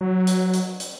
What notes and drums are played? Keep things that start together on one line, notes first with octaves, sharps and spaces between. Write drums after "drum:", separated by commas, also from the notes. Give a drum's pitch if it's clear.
F#3
drum: hi-hat
drum: hi-hat
drum: hi-hat